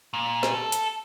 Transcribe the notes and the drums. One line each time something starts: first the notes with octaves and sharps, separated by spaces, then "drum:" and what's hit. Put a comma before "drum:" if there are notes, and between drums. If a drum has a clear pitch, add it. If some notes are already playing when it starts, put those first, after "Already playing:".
A#2
drum: snare
A4
drum: hi-hat